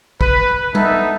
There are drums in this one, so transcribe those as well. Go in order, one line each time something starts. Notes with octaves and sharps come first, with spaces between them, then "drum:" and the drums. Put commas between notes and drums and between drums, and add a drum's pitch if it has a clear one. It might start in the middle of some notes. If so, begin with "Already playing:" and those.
B4, drum: kick
B3 D#4 A4 E5, drum: tom G3